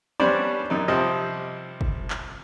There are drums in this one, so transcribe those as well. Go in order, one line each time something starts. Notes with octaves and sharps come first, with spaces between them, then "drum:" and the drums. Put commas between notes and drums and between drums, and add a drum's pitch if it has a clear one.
G3 B3 C#4 D4 C5 D5, drum: tom E3
F#2 D#4
C3 F3 G3 C4 D#5
drum: kick
drum: clap